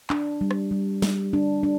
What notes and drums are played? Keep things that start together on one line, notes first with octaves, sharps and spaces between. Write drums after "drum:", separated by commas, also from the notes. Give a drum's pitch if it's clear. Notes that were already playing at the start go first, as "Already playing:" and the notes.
D4, drum: clap
G3
drum: rim click
G3
G3, drum: snare
D4
D4